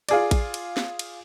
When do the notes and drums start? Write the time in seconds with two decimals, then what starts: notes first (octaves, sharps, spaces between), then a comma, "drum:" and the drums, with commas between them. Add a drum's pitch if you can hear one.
0.09 F4 G#4 D5, drum: cymbal
0.31 drum: kick A1, cymbal
0.54 drum: cymbal
0.77 drum: snare
0.99 drum: cymbal